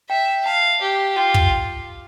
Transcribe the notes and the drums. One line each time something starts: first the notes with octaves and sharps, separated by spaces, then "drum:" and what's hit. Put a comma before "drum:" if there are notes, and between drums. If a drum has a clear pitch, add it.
E5 G5
F5 A5
G4
F4 G5
drum: kick